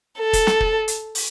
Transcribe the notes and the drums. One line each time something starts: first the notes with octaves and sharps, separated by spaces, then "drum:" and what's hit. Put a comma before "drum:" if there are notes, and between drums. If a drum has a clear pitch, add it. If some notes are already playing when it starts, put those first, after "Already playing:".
A4
drum: kick, hi-hat
drum: snare
drum: kick
drum: hi-hat
drum: open hi-hat